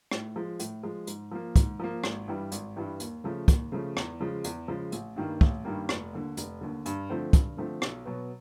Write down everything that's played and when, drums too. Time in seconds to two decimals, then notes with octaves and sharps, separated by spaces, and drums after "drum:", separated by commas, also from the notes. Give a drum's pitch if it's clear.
0.11 A2, drum: rim click
0.36 F3 G#3
0.59 A2, drum: hi-hat
0.83 F3 G#3
1.07 G#2, drum: hi-hat
1.31 F3 A#3
1.56 G#2, drum: kick, hi-hat
1.80 F3 A#3
2.04 G#1, drum: rim click
2.27 G2 E3 G3
2.52 G#1, drum: hi-hat
2.76 G2 E3 G3
3.00 D#2, drum: hi-hat
3.24 C#3 F3 A3
3.48 D#2, drum: kick, hi-hat
3.72 C#3 F3 A3
3.97 E2, drum: rim click
4.20 C#3 F3 G#3
4.44 E2, drum: hi-hat
4.68 C#3 F3 G#3
4.92 A1, drum: hi-hat
5.16 G2 D#3 G3 A#3
5.41 A1, drum: kick
5.65 G2 D#3 G3 A#3
5.89 F1, drum: rim click
6.13 D#2 D3
6.37 F1, drum: hi-hat
6.61 D#2 D3
6.86 G2, drum: hi-hat
7.10 D3 F3 A3 C4
7.33 G2, drum: kick, hi-hat
7.57 D3 F3 A3 C4
7.82 B1, drum: rim click
8.05 B2 F#3 B3